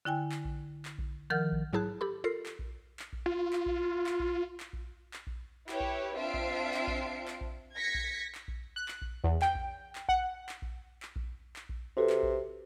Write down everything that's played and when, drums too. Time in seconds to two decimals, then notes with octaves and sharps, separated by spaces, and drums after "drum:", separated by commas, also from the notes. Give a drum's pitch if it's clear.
0.05 D3 E4 G5 G#5
0.32 drum: clap
0.45 drum: kick A#1
0.85 drum: clap
0.99 drum: kick A#1
1.30 D#3 F3 A#4 F#5 F6 G6
1.52 drum: kick A#1
1.73 G#2 F#3 E4 G#4 A5 F#6
2.01 G4 A4 B5
2.24 F4 A4 A#4 C7
2.46 drum: clap
2.59 drum: kick A#1
2.99 drum: clap
3.13 drum: kick A#1
3.26 F4
3.53 drum: clap
3.66 drum: kick A#1
4.06 drum: clap
4.20 drum: kick A#1
4.60 drum: clap
4.73 drum: kick A#1
5.13 drum: clap
5.27 drum: kick A#1
5.69 E4 G4 B4 C#5, drum: clap
5.80 drum: kick A#1
6.18 C4 D4 F4 E5 C7 D7
6.34 drum: kick A#1
6.74 drum: clap
6.87 drum: kick A#1
7.28 drum: clap
7.41 drum: kick A#1
7.75 G#6 A#6 B6 C#7
7.95 drum: kick A#1
8.35 drum: clap
8.48 drum: kick A#1
8.76 F#6
8.88 drum: clap
9.02 drum: kick A#1
9.24 E2
9.42 G5, drum: clap
9.55 drum: kick A#1
9.95 drum: clap
10.09 F#5, drum: kick A#1
10.49 drum: clap
10.62 drum: kick A#1
11.02 drum: clap
11.16 drum: kick A#1
11.56 drum: clap
11.69 drum: kick A#1
11.97 C3 F#4 A4 B4
12.10 drum: clap
12.23 drum: kick A#1